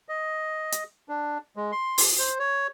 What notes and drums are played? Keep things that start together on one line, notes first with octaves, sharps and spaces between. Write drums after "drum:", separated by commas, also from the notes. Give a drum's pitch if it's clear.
D#5
drum: hi-hat
D4
G#3
C6
drum: open hi-hat
C5
C#5